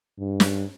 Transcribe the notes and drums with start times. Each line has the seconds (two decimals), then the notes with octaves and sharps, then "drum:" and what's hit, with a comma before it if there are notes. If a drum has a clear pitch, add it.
0.19 G2
0.40 drum: snare